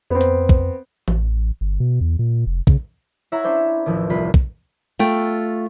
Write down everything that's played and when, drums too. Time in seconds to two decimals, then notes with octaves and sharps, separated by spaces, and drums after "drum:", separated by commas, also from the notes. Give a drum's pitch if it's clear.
0.10 F2 B3 C4
0.21 drum: hi-hat
0.49 drum: kick
1.08 A1, drum: tom E3
1.61 G1
1.80 B2
2.01 E2
2.19 A#2
2.46 F1
2.67 C#3, drum: kick
3.32 E4 C#5 E5 F#5 A#5 B5
3.44 C#4 D4 C5 B5
3.86 A1 D#2 F3 E4
4.10 C2 F4 B4 B5
4.34 drum: kick
4.99 A3 F4 G5